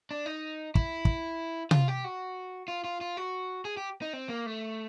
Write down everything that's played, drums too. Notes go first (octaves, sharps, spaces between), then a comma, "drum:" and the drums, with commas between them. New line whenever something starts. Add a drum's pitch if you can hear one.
D4
D#4
E4, drum: kick
drum: kick
F4, drum: tom C3
G4
F#4
F4
F4
F4
F#4
G#4
G4
D#4
C4
A#3
A3